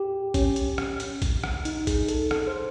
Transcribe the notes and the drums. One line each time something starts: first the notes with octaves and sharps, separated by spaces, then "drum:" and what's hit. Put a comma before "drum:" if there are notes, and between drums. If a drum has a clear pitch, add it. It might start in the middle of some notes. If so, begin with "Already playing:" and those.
Already playing: G4
C#4, drum: kick, hi-hat
drum: hi-hat
drum: rim click
drum: hi-hat
drum: kick, hi-hat
drum: rim click
D#4, drum: hi-hat
G#4, drum: kick, hi-hat
A4, drum: hi-hat
A4, drum: rim click
C5